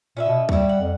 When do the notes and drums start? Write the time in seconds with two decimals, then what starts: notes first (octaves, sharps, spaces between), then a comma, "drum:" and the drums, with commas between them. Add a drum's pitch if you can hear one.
0.17 A#2 C#4 B4 E5
0.28 B2
0.49 G3 A3 E4, drum: kick C#2
0.69 F#5
0.81 F2